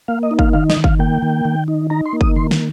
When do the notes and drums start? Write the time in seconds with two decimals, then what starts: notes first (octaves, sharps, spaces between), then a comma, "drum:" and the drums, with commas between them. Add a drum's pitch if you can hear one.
0.08 A#3 F5
0.23 D#5
0.31 D#4
0.39 F5, drum: kick G1
0.53 D#3 F5
0.70 D#5, drum: snare
0.77 D#3
0.84 F5, drum: kick G1
0.99 A#3 G5
1.22 D#3
1.45 D#3
1.68 D#4
1.90 D#4 A#5
2.06 C6
2.13 A#3
2.21 D#6, drum: kick G1
2.36 D#3 C6
2.51 drum: snare